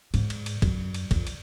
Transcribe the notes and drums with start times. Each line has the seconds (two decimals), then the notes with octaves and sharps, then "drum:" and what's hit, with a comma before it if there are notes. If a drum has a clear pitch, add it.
0.14 G#2, drum: cymbal
0.30 drum: cymbal
0.46 drum: cymbal
0.62 F#2, drum: kick B1, cymbal
0.94 drum: cymbal
1.11 F2, drum: kick B1, cymbal
1.27 drum: cymbal